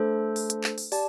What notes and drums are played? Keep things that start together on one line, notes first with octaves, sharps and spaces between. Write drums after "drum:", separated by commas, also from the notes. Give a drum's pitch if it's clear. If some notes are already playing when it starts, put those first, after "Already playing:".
Already playing: A3 D4 A4 C5
drum: open hi-hat
drum: hi-hat
drum: clap
drum: open hi-hat
G4 D5 A5, drum: open hi-hat